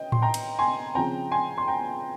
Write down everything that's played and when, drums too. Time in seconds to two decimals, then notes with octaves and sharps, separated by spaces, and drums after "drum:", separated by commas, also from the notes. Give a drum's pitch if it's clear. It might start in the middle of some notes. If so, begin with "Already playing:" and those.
Already playing: C#4 D#5 G5
0.12 C6, drum: tom A2
0.22 G5 A#5
0.34 drum: cymbal
0.59 G#5 C6
0.95 C#3 F3 C4 G5 A#5
1.31 G#5 C6
1.58 C6
1.67 G5 A#5